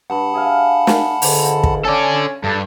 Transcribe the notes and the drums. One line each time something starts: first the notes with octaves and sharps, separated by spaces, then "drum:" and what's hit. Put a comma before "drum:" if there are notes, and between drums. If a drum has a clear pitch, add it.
G2 F#5 A5 B5
G#4 E5 F5
drum: snare
C#2 G#2 D3, drum: open hi-hat
drum: kick
C#4 A4 D5 G#5
G2 A4 A5